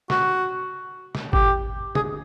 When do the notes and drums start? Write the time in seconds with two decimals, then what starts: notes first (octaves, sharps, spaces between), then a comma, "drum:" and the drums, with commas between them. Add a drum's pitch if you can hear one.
0.10 F#4, drum: snare
1.15 drum: snare
1.33 G4, drum: kick
1.95 G#4, drum: tom